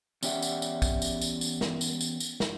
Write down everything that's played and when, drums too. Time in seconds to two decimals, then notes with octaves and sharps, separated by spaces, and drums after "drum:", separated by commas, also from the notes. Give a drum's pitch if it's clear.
0.23 E2 C#4 G4 D5 E5 F#5, drum: tambourine
0.42 drum: tambourine
0.62 drum: tambourine
0.82 drum: kick, tambourine
1.02 drum: tambourine
1.22 drum: tambourine
1.41 drum: tambourine
1.61 drum: snare
1.81 drum: tambourine
2.01 drum: tambourine
2.20 drum: tambourine
2.40 drum: snare